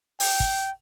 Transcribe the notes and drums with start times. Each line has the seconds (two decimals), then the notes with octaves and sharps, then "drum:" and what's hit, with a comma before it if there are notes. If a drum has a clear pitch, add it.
0.20 G5, drum: open hi-hat
0.40 drum: kick